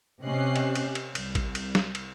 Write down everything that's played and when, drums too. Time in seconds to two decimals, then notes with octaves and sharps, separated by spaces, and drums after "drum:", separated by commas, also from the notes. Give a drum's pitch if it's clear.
0.23 C3 C#4 G4 D#5 F#6 C7
0.56 drum: cymbal
0.75 drum: cymbal
0.95 drum: cymbal
1.15 C2, drum: cymbal
1.35 drum: kick A1, cymbal
1.55 drum: cymbal
1.75 drum: snare
1.95 drum: cymbal